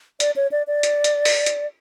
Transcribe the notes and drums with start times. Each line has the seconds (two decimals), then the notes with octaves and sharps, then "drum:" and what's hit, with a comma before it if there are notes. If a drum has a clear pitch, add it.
0.20 D5, drum: hi-hat
0.36 C#5
0.52 D5
0.67 D5
0.83 drum: hi-hat
1.04 drum: hi-hat
1.25 drum: open hi-hat
1.46 drum: hi-hat